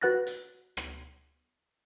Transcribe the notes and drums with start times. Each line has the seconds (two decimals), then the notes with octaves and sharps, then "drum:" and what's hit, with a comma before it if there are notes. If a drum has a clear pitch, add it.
0.01 F#4 B4 F#5 F#6 A6 A#6
0.27 drum: hi-hat
0.77 drum: rim click